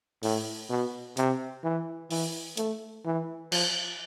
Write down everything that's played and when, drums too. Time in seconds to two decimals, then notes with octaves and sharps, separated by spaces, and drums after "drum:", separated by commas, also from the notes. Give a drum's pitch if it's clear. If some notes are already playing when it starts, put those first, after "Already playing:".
0.23 A2, drum: open hi-hat
0.69 B2
1.17 C3, drum: hi-hat
1.64 E3
2.11 E3, drum: open hi-hat
2.57 A3, drum: hi-hat
3.05 E3
3.52 F3, drum: cymbal